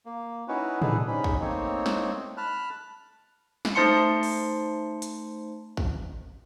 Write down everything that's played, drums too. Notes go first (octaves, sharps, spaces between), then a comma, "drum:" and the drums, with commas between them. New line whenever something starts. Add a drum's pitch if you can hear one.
A#3
C#4 D#4 E4 F#4 B4 C#5
D4 D#4 G#4 A4 B4, drum: tom
G#2 C3 C#4 D#4 B5
drum: kick
A3 A#3 C4 D#4 C#5
drum: snare
A5 B5 F6 F#6
drum: snare
A3 D#4 C5 A5 C6 C#7
drum: open hi-hat
drum: hi-hat
drum: kick